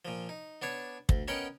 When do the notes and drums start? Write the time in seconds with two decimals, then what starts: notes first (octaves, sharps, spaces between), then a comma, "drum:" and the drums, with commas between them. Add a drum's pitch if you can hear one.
0.05 A#2 F3
0.29 D#4
0.62 B3 D4 C#5
1.09 D2, drum: kick
1.28 B3 C#4 A#4 D#5 F#5 G5